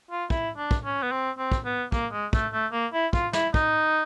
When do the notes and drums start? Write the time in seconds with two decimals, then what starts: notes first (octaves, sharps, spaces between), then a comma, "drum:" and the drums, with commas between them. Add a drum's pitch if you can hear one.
0.11 F4
0.30 E4, drum: kick
0.57 D4
0.71 drum: kick
0.85 C#4
1.02 B3
1.12 C4
1.38 C4
1.52 drum: kick
1.65 B3
1.92 A#3, drum: kick
2.12 G#3
2.33 A3, drum: kick
2.52 A3
2.72 A#3
2.93 E4
3.13 F4, drum: kick
3.33 E4, drum: snare
3.54 D#4, drum: kick